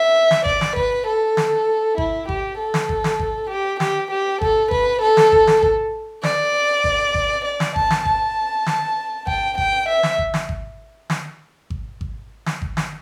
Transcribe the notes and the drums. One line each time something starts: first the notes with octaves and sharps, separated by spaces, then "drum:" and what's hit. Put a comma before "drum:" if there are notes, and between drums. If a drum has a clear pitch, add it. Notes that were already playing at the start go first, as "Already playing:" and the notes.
Already playing: E5
drum: snare
D5, drum: kick G#1
drum: snare
B4, drum: kick G#1
A4
drum: snare
E4, drum: kick G#1
G4, drum: kick G#1
A4
drum: snare
drum: kick G#1
drum: snare
drum: kick G#1
G4
G4, drum: snare
G4
A4, drum: kick G#1
B4, drum: kick G#1
A4
drum: snare
drum: kick G#1
drum: snare
drum: kick G#1
D5, drum: snare
drum: kick G#1
drum: kick G#1
D5
drum: snare
A5, drum: kick G#1
drum: snare
A5, drum: kick G#1
drum: snare
G5, drum: kick G#1
G5, drum: kick G#1
E5
drum: snare
drum: kick G#1
drum: snare
drum: kick G#1
drum: snare
drum: kick G#1
drum: kick G#1
drum: snare
drum: kick G#1
drum: snare